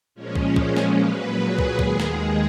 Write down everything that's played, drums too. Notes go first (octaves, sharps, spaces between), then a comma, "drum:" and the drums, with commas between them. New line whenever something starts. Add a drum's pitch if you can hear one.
A#2 F3 G#3 C#4
drum: kick
C#4, drum: kick
drum: snare
A#2 F#3 B4
G#4
drum: kick
D#2 D#3 G#3, drum: kick
drum: snare